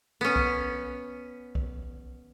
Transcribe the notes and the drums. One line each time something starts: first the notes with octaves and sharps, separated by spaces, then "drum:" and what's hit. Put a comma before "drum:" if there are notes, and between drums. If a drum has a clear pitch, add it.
B3 C#4
drum: kick B1
drum: kick B1